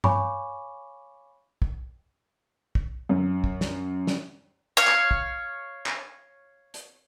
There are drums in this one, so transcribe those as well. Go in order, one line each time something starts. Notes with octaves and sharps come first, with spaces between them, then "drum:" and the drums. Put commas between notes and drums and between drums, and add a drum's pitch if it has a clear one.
C#5 F5 G#5 B5 C#6 D6, drum: tom G2
drum: kick
drum: kick
F#2
drum: kick
drum: snare
drum: snare
C#5 F5
drum: clap
drum: kick
drum: clap
drum: hi-hat